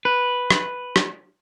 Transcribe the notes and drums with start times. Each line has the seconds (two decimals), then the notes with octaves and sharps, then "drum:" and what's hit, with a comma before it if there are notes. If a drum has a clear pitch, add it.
0.05 B4
0.50 drum: rim click
0.96 drum: rim click